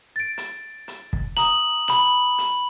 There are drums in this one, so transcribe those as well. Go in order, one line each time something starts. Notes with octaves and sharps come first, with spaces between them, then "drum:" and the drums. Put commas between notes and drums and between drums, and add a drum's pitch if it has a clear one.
A6 D7
drum: hi-hat
drum: hi-hat
drum: kick
A#5 D#6 F#7, drum: hi-hat
B5 F#7, drum: hi-hat
drum: hi-hat